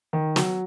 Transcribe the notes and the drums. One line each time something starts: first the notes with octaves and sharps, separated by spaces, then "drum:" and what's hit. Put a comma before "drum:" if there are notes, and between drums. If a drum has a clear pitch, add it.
D#3
F#3, drum: snare